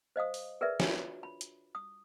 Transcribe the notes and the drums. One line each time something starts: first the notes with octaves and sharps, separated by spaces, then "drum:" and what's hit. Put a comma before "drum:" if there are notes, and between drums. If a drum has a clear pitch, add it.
C5 D#5 F5 D#6
drum: open hi-hat
G#4 A#4 B4 D5 E5
D4 F4 F#4 C#5, drum: snare
B5
drum: hi-hat
D#6